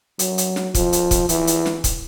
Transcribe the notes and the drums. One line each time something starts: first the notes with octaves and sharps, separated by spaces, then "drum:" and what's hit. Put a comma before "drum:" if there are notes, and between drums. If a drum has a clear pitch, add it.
F#3, drum: hi-hat
drum: hi-hat
drum: snare
F3, drum: kick, hi-hat
drum: hi-hat
drum: kick, hi-hat
E3, drum: hi-hat
drum: hi-hat
drum: snare
drum: kick, hi-hat